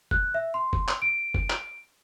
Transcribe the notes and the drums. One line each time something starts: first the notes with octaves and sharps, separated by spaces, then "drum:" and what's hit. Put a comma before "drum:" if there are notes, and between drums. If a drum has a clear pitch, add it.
F#6, drum: kick
E5
C6
drum: kick
drum: clap
D7
drum: kick
drum: clap